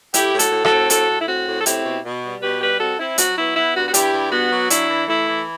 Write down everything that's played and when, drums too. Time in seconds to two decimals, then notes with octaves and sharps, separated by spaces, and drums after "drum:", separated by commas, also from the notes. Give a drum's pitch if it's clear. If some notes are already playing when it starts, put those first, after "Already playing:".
0.14 A2 E4 G4, drum: hi-hat
0.33 A2
0.39 F#4 A4, drum: hi-hat
0.52 A2
0.65 F#4 A4, drum: rim click
0.71 C4
0.90 A2 F#4 A4, drum: hi-hat
1.09 A2
1.20 E4
1.27 C4 F#4
1.47 A2
1.61 A4
1.66 C4 E4 G4, drum: hi-hat
1.85 B2
2.04 B2
2.23 G3
2.42 B2 G4 B4
2.61 G3 G4 B4
2.80 C4 F#4 A4
2.99 C4 E4
3.18 F#3 F#4, drum: hi-hat
3.37 B3 E4
3.56 B3 E4
3.75 G2 F#4
3.88 F#4
3.94 G2 E4 G4, drum: hi-hat
4.13 G2
4.32 B3 F#4
4.51 F#3
4.70 D4 E4, drum: hi-hat
4.89 E3
5.08 A3 E4
5.27 E3